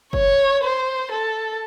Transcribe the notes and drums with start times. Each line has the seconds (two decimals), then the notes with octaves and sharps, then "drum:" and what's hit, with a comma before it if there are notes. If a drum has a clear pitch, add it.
0.13 C#5, drum: kick
0.63 C5
1.12 A4